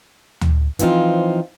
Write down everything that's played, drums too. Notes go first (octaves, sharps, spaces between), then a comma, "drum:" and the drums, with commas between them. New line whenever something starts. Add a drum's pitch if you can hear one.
drum: tom D2
E3 F3 C4 D#4 F4, drum: hi-hat